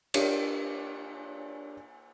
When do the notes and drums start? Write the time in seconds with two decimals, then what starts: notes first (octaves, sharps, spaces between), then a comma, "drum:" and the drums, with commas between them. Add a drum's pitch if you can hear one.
0.14 D4 G4 A#4 C#5 D5, drum: cymbal